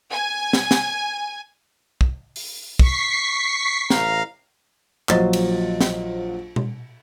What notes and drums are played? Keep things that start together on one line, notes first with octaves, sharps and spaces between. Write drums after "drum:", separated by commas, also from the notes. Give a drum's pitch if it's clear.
G#5
drum: snare
drum: snare
drum: kick
drum: open hi-hat
C#6 B6 C7, drum: kick
A1 F5 A#5, drum: snare
A#1 F#3 F4 C5 D#5 A6, drum: clap
drum: cymbal
drum: snare
drum: tom B2